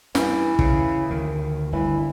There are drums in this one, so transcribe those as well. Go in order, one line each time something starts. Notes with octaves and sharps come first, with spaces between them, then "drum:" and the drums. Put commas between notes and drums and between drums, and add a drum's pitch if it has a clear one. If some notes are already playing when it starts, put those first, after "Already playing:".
G2 E3, drum: snare
C#3, drum: kick
D2 D#3
G1 E3